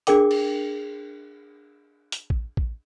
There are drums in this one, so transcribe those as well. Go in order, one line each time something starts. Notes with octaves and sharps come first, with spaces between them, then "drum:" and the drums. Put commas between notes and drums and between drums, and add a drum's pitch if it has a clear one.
D4 G#4 A#4 G5 D6, drum: hi-hat
drum: cymbal
drum: hi-hat
drum: kick A1
drum: kick A1